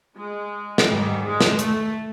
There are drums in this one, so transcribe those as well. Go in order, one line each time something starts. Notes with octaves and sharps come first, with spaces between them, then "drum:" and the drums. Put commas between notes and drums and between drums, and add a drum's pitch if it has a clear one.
G#3
drum: snare
G#2 D#3 G3
G#3
drum: snare
A3, drum: hi-hat